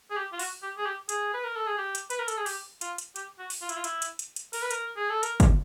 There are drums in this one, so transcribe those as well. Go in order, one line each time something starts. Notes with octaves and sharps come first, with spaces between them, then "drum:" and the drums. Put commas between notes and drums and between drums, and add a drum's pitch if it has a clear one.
G#4
G4
F4
F#4, drum: open hi-hat
G4
G#4
G4
G#4, drum: hi-hat
B4
A#4
A4
G#4
G4
drum: hi-hat
B4, drum: hi-hat
A#4
A4, drum: hi-hat
G#4
G4, drum: open hi-hat
F4, drum: hi-hat
drum: hi-hat
G4, drum: hi-hat
F#4
drum: open hi-hat
F4
E4, drum: hi-hat
F4
E4, drum: hi-hat
drum: hi-hat
drum: hi-hat
drum: hi-hat
A#4, drum: open hi-hat
B4
A#4, drum: hi-hat
G#4
A4
A#4, drum: hi-hat
drum: kick, hi-hat